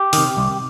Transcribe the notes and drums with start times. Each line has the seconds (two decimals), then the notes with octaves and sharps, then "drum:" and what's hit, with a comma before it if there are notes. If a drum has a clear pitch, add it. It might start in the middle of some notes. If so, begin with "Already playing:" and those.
Already playing: G4
0.13 C3 D#3, drum: open hi-hat
0.37 C2